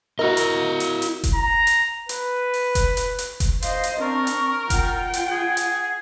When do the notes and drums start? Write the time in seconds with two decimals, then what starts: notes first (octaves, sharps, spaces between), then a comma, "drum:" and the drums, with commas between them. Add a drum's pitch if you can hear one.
0.19 E4 F#4 A#4 D#5
0.37 drum: hi-hat
0.80 drum: hi-hat
1.02 drum: hi-hat
1.24 drum: kick F1, hi-hat
1.34 A#5
1.67 drum: hi-hat
2.09 B4, drum: hi-hat
2.54 drum: open hi-hat
2.75 drum: kick F1, hi-hat
2.97 drum: hi-hat
3.19 drum: hi-hat
3.40 drum: kick F1, hi-hat
3.62 C5 D#5 F5, drum: hi-hat
3.84 drum: hi-hat
4.01 C4 D4 A#4 C#6
4.27 drum: hi-hat
4.70 F4 F#5 G5, drum: kick F1, hi-hat
5.14 drum: hi-hat
5.31 G#4
5.57 drum: hi-hat